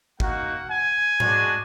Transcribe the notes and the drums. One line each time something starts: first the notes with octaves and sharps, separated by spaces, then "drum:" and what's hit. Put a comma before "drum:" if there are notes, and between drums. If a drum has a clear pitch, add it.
A#3 D#4 F#4 F#5, drum: kick
G#5
G#3 D4 F#4, drum: tom G#2